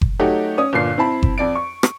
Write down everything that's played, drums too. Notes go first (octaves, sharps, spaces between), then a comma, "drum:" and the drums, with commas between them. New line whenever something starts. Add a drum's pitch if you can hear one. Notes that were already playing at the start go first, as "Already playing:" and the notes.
drum: kick F#1
F#3 A3 D#4 F#4 G4
C#4 D#6
G1 A#2 C7
C4 E4 A5 B5
drum: kick F#1
F2 D5 D7
C#6
drum: rim click